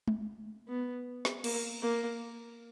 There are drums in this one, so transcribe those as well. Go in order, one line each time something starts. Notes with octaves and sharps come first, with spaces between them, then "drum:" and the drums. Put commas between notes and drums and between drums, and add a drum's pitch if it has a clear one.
drum: tom G#3
B3
drum: snare
A#3, drum: cymbal
A#3